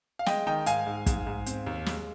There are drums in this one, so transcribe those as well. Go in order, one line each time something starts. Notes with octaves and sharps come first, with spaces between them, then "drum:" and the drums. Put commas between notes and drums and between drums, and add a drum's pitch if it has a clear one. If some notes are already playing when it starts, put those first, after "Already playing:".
F5
G#3 D#5 G5, drum: snare
D#3 D#5 G5
G#2 F5 G#5, drum: hi-hat
G#2
G#2, drum: kick, hi-hat
G#2
C4, drum: hi-hat
D#2
G#3, drum: snare